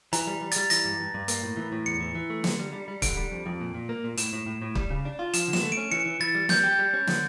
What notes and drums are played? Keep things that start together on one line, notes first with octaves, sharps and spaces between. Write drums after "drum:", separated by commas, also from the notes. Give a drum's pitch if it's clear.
E3 A#5, drum: hi-hat
G3
G3
G3 A6, drum: hi-hat
E3 A#6, drum: hi-hat
G2
G2
G2
A#3, drum: hi-hat
A2
E3
A2
E2 C#7
E3
E3
A3
D3, drum: snare
G3
G3
G3
D3 D7, drum: kick, hi-hat
G3
F2
F2
A#2
A#2
A#3
A#2
A2 E7, drum: hi-hat
A2
A2
A2
G3, drum: kick
C#3
D4
F4
F3 E7, drum: hi-hat
D3
E7, drum: snare
A3
D7
C#4
E3 C#7
E3
E3 A6
G3
G3 G6, drum: snare
G4
G3
C#4
D3, drum: snare